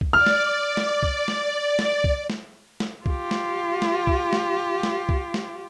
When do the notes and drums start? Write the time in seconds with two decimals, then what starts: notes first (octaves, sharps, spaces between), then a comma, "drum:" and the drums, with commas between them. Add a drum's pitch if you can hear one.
0.01 drum: kick C2
0.13 D5 F6
0.26 drum: snare
0.77 drum: snare
1.03 drum: kick C2
1.28 drum: snare
1.79 drum: snare
2.04 drum: kick C2
2.30 drum: snare
2.80 drum: snare
3.06 F4 G4, drum: kick C2
3.31 drum: snare
3.82 drum: snare
4.07 drum: kick C2
4.33 drum: snare
4.83 drum: snare
5.09 drum: kick C2
5.34 drum: snare